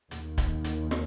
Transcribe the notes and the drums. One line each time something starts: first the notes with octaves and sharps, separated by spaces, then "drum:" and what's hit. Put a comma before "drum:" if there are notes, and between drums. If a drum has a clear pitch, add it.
D#2 D#3, drum: hi-hat
drum: kick D1, hi-hat
drum: hi-hat
drum: snare